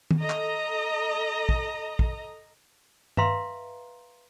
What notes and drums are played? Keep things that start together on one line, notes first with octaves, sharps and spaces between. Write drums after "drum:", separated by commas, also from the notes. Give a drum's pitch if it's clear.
drum: tom D#3
A4 D#5 A#5
drum: clap
drum: kick
drum: kick
B4 E5 F5 A#5 C6, drum: tom G2